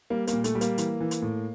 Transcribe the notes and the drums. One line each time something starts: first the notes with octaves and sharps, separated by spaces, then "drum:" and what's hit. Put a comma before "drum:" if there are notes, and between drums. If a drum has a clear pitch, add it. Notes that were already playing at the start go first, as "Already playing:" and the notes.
G3 A#3
A#3, drum: hi-hat
A#2
A3, drum: hi-hat
G3
A#3, drum: hi-hat
E3, drum: hi-hat
E3
drum: hi-hat
A2